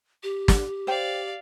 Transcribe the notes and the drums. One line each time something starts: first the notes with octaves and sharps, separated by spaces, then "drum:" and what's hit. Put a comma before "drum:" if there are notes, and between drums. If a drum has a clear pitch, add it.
G4
drum: snare
C5 D5 F5 G5